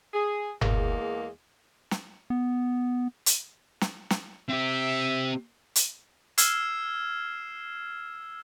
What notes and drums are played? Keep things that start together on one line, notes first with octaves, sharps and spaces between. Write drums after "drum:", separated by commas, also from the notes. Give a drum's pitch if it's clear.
G#4
E2 G#3 A#3, drum: tom F#1
drum: snare
B3
drum: hi-hat
drum: snare
drum: snare
C4 G4 E5
drum: hi-hat
E6 F6 G#6 C7 E7, drum: hi-hat